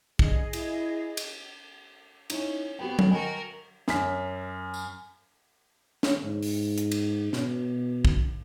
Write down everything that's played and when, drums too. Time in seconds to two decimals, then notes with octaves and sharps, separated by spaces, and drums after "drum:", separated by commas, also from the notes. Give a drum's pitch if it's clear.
0.19 G3 G#4 D#5, drum: kick A#1
0.53 E4, drum: cymbal
1.17 drum: cymbal
2.30 C#4 D#4 E4, drum: cymbal
2.79 B3 C4 F#4 G4 G5
2.99 drum: tom F#3
3.11 F#4 A#4 D#5 G5 G#5
3.88 F#2 B6, drum: snare
4.74 drum: tambourine
6.03 drum: snare
6.23 G#2
6.43 drum: open hi-hat
6.78 drum: hi-hat
6.92 drum: cymbal
7.33 B2, drum: snare
8.05 drum: kick A#1